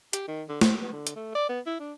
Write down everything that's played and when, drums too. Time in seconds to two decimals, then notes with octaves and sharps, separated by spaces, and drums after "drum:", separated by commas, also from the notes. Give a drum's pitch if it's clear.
0.13 G4, drum: hi-hat
0.28 D#3
0.49 D3
0.61 C5, drum: snare
0.81 B3
0.92 D3
1.07 drum: hi-hat
1.16 A3
1.35 D5
1.49 B3
1.66 E4
1.80 D4